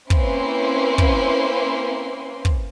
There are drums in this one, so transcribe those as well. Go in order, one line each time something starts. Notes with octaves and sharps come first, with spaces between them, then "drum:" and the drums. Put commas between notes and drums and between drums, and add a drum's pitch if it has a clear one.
A#3 C4 C#4 E4 B4 C6, drum: kick
drum: kick
drum: kick